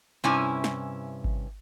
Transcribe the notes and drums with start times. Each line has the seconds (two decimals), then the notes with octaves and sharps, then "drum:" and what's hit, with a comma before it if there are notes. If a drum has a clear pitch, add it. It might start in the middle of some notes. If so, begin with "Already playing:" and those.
0.24 G2 C3 C#4 E4 G#5
0.64 drum: snare
1.24 drum: kick G#1